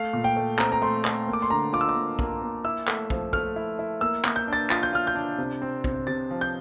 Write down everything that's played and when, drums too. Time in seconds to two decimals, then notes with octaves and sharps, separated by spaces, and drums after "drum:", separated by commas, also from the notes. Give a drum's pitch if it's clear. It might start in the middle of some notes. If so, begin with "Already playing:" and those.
Already playing: A3 F5
0.13 A#2
0.24 G5
0.37 A3
0.59 C4 A#5, drum: clap
0.72 A#5
0.82 A3 C6
1.05 A3, drum: clap
1.28 A#3
1.33 D6
1.42 C6
1.50 D3 A#5
1.73 F4 D6
1.81 E6
1.89 D6
1.96 A#3
2.19 A#3, drum: kick
2.42 A#3
2.65 E4 E6
2.87 A3, drum: clap
3.10 F3, drum: kick
3.33 A3 F6, drum: kick
3.56 E4
3.79 E4
4.01 A#3 E6
4.24 A#3, drum: clap
4.36 G6
4.48 D4 A6
4.70 F4 A6, drum: clap
4.83 G6
4.93 F4 F6
5.07 G6
5.15 D4
5.38 C3
5.62 C4
5.84 C3, drum: kick
6.07 C3 A6
6.31 F3
6.41 G6